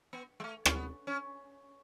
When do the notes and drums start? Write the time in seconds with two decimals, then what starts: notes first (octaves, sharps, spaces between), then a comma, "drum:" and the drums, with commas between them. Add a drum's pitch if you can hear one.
0.13 B3
0.40 G#3
0.44 A3
0.65 C#4, drum: rim click
0.75 B3
1.07 C#4